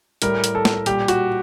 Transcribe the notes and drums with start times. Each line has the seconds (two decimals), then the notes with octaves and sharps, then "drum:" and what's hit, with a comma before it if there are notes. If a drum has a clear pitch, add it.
0.22 A2 G3 A#4, drum: hi-hat
0.44 drum: hi-hat
0.55 A4
0.65 drum: snare
0.86 A#2 G3 G4, drum: hi-hat
1.08 F#4, drum: hi-hat